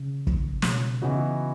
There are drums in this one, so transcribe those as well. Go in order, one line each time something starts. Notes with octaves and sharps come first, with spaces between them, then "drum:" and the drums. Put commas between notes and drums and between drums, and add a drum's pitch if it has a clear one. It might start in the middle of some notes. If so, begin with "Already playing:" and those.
Already playing: C#3
drum: kick
B2, drum: snare
C#3 E3 B3 D#4 F#4